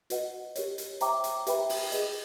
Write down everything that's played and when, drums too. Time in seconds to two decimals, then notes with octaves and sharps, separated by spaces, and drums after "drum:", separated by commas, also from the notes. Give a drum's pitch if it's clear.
0.10 F#4 B4 D#5 F#5, drum: hi-hat
0.55 G4 A#4 C#5, drum: hi-hat
0.78 drum: hi-hat
1.00 C5 E5 G5 A#5 D6, drum: hi-hat
1.24 drum: hi-hat
1.47 G4 B4 E5 G5 B5, drum: hi-hat
1.69 drum: open hi-hat
1.92 G#4 B4 D#5, drum: hi-hat